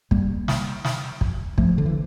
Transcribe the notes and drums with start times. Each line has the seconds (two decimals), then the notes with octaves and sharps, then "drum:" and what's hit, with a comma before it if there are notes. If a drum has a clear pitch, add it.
0.11 G3 A#3, drum: kick
0.48 drum: snare
0.85 drum: snare
1.21 drum: kick
1.58 F3 A3, drum: kick
1.78 D3
1.86 E3